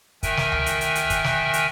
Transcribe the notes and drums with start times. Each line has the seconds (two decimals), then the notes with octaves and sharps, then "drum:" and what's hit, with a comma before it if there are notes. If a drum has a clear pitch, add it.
0.23 D#3 A#4 E5 G5 G#5 F#6, drum: kick, hi-hat
0.37 drum: snare
0.52 drum: tom C#2
0.66 drum: hi-hat
0.81 drum: hi-hat
0.95 drum: hi-hat
1.10 drum: kick, hi-hat
1.24 drum: snare
1.53 drum: hi-hat